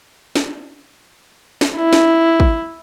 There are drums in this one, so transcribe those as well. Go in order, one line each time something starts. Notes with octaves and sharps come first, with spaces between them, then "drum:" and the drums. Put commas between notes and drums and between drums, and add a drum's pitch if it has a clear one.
drum: snare
drum: snare
E4
drum: snare
drum: kick